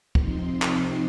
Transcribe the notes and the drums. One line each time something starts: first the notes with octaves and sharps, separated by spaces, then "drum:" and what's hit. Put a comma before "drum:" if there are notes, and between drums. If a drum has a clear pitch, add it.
C3 F3 C4 D#4 C6, drum: kick
drum: clap